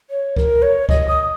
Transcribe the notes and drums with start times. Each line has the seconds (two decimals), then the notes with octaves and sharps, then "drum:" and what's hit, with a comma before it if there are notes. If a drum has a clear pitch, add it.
0.10 C#5
0.36 A#4, drum: kick C#2
0.62 C#5
0.89 D#5, drum: kick C#2
1.08 D#6